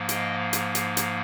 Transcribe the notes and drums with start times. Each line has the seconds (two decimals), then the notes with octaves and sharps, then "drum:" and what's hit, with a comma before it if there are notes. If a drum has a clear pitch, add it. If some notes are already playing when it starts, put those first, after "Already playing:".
Already playing: G#2 F3 A#3
0.09 D#5 G5, drum: hi-hat
0.53 drum: hi-hat
0.75 drum: hi-hat
0.97 drum: hi-hat